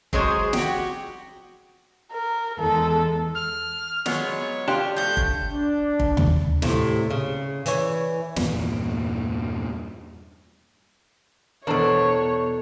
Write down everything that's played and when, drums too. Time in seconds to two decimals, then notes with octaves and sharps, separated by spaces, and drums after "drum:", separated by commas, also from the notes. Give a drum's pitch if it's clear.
0.13 F#3 G#3 G#4 C5 C#5, drum: kick
0.53 F#4 G4, drum: snare
2.13 A#4
2.59 E2 G#3 A4
3.35 F6
4.06 F#3 G#3 B3 C#5, drum: snare
4.68 D4 F4 G4
4.96 F3 A3 G6
5.17 drum: kick
5.51 D4
6.00 drum: kick
6.17 drum: tom D#2
6.62 A2 C3, drum: snare
7.10 C#3
7.66 E3 C#5, drum: hi-hat
8.36 E2 G2 A#2, drum: snare
11.67 E2 B2 D4 A4 A#4 C5 C#5